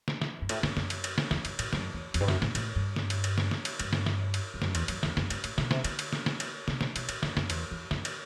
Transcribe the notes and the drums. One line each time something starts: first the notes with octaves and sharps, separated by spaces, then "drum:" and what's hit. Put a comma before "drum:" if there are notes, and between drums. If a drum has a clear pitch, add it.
drum: snare
drum: snare
G2
A2, drum: cymbal
G2, drum: snare
F#2, drum: snare
drum: cymbal
drum: cymbal
drum: snare
E2, drum: snare
F#2, drum: cymbal
A2, drum: cymbal
F#2, drum: snare
E2
E2, drum: cymbal
G2
F#2, drum: snare
A2, drum: snare
A2, drum: cymbal
G2
drum: snare
drum: cymbal
drum: cymbal
drum: snare
drum: snare
drum: cymbal
G2, drum: cymbal
drum: snare
drum: snare
drum: cymbal
G2
F#2, drum: snare
E2, drum: cymbal
F#2, drum: cymbal
E2, drum: snare
F#2, drum: snare
G2, drum: cymbal
A2, drum: cymbal
B2, drum: snare
C3, drum: snare
D3, drum: cymbal
drum: cymbal
drum: snare
drum: snare
drum: cymbal
C3, drum: snare
B2, drum: snare
B2, drum: cymbal
A2, drum: cymbal
F#2, drum: snare
F#2, drum: snare
E2, drum: cymbal
E2
F#2, drum: snare
drum: cymbal